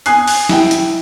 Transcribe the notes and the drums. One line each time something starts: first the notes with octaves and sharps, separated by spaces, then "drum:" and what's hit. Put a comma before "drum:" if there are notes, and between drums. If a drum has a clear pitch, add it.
G#5 D#6 F#6 C7, drum: hi-hat
drum: open hi-hat
E4 G5, drum: snare
drum: hi-hat